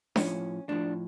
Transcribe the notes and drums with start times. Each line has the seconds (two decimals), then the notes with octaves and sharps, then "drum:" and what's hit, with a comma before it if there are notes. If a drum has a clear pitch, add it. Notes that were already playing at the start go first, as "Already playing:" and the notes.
0.16 A2 F3 C#4, drum: snare D4
0.69 A2 F3 D4